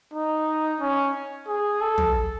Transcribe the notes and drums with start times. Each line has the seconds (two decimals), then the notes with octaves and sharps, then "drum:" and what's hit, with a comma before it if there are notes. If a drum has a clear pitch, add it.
0.14 D#4
0.80 C#4
1.48 G#4
1.81 A4
1.98 drum: tom